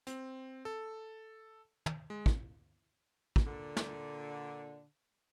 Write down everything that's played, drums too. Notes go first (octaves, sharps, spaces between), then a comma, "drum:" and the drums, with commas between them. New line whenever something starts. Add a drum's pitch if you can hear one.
C4, drum: hi-hat
A4
drum: tom
G#3
drum: kick
drum: kick
A#2 D3
drum: snare